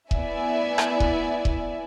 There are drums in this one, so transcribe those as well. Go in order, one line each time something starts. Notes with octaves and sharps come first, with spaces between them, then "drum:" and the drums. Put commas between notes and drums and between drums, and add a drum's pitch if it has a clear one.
B3 E4 D5 E5 G#5, drum: kick E1
drum: rim click
drum: kick E1
drum: kick E1